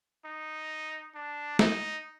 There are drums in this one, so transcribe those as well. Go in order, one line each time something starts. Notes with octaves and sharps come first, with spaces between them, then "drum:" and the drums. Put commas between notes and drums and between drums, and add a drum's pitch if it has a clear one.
D#4
D4
D#4, drum: snare